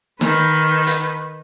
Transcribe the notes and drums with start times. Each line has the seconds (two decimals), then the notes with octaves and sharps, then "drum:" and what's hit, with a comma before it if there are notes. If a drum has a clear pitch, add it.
0.21 D#3 B4, drum: snare
0.87 drum: hi-hat